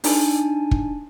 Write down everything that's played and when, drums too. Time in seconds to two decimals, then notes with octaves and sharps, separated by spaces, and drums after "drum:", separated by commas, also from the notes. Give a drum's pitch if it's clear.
0.04 D4 D#4 G#5 A5, drum: open hi-hat
0.71 drum: kick